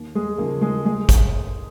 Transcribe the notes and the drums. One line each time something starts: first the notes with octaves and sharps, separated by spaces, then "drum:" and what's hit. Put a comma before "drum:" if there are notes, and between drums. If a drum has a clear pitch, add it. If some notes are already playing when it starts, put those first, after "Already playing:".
Already playing: D#2
G#3 G#4
C#3 F3 A#3 A#4
G#3 G#4
G#3 G#4
drum: kick, hi-hat